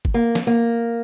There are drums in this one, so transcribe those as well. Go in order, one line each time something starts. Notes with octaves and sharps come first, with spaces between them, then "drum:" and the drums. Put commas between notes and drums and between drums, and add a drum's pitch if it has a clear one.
drum: kick
A#3
drum: snare
A#3